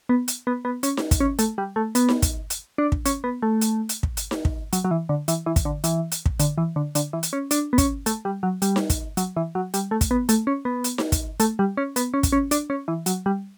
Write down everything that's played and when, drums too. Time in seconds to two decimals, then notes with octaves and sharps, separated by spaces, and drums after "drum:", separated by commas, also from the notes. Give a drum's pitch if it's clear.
0.09 B3
0.28 drum: hi-hat
0.47 B3
0.65 B3
0.83 C#4, drum: hi-hat
0.97 drum: snare D#4
1.11 drum: kick, hi-hat
1.20 C#4
1.39 A3, drum: hi-hat
1.58 G3
1.76 A3
1.95 B3, drum: hi-hat
2.09 drum: snare D#4
2.22 drum: kick, hi-hat
2.50 drum: hi-hat
2.78 D4
2.92 drum: kick
3.06 C#4, drum: hi-hat
3.24 B3
3.42 A3
3.61 drum: hi-hat
3.89 drum: hi-hat
4.03 drum: kick
4.17 drum: hi-hat
4.31 drum: snare D#4
4.45 drum: kick
4.73 F#3, drum: hi-hat
4.84 F#3
4.91 E3
5.09 D3
5.28 E3, drum: hi-hat
5.46 E3
5.56 drum: kick, hi-hat
5.65 D3
5.84 E3, drum: hi-hat
6.12 drum: hi-hat
6.26 drum: kick
6.40 D3, drum: hi-hat
6.58 E3
6.76 D3
6.95 D3, drum: hi-hat
7.13 E3
7.23 drum: hi-hat
7.33 C#4
7.51 D4, drum: hi-hat
7.73 B3
7.78 C#4, drum: kick, hi-hat
8.06 A3, drum: hi-hat
8.25 G3
8.43 F#3
8.62 G3, drum: hi-hat
8.76 drum: snare D#4
8.90 drum: kick, hi-hat
9.17 F#3, drum: hi-hat
9.37 E3
9.55 F#3
9.74 G3, drum: hi-hat
9.91 A3
10.01 drum: kick, hi-hat
10.11 B3
10.29 A3, drum: hi-hat
10.47 C#4
10.65 B3
10.84 drum: hi-hat
10.98 drum: snare D#4
11.12 drum: kick, hi-hat
11.40 A3, drum: hi-hat
11.59 G3
11.77 C#4
11.96 B3, drum: hi-hat
12.14 C#4
12.23 drum: kick, hi-hat
12.32 C#4
12.51 D4, drum: hi-hat
12.70 C#4
12.88 E3
13.06 F#3, drum: hi-hat
13.26 G3